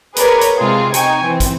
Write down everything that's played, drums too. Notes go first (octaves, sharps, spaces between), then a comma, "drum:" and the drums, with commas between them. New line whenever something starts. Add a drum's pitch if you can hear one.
G#4 A#4 B4 C#5 D5, drum: hi-hat
drum: hi-hat
C3 G#3 C4 F4 G#4
D#4 G5 G#5 C#6, drum: hi-hat
E3 C4
drum: kick, hi-hat